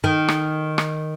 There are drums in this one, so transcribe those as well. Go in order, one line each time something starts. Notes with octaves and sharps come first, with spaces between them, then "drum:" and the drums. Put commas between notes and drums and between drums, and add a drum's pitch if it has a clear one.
D#3
drum: rim click
drum: rim click